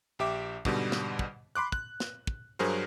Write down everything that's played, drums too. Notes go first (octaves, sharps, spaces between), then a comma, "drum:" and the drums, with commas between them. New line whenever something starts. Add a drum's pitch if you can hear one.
A#1 G4 E5 D6
G#2 B2 D3 G3, drum: kick
drum: snare
drum: kick
B5 C6 D6 F#6
F#6, drum: kick
drum: snare
drum: kick
G2 F#3 G#4 A#4 C5